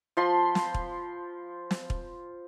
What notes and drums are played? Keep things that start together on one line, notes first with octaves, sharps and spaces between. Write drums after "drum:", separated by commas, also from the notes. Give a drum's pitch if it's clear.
F3 F4 B5 C6
drum: snare
drum: kick
drum: snare
drum: kick